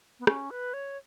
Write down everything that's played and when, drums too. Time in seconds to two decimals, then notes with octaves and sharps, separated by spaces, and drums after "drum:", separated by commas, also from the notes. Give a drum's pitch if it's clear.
0.20 B3
0.27 C#4, drum: rim click
0.51 B4
0.73 C#5